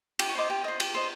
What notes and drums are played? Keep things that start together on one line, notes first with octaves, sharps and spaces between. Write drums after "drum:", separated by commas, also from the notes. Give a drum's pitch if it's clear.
G4 D6, drum: cymbal
C#6
C5 D#5 C6 D6
G4
C5 D#5
G4, drum: cymbal
C5 D#5